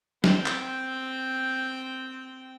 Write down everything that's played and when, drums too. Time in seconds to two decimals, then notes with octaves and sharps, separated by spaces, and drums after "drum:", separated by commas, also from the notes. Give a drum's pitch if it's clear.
0.24 C4 G5, drum: snare
0.46 drum: clap